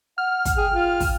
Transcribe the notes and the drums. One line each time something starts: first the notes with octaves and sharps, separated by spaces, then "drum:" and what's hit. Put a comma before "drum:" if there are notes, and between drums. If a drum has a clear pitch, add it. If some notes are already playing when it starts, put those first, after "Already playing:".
F#5 F6
drum: kick, hi-hat
G#4 G5
F4
drum: kick, open hi-hat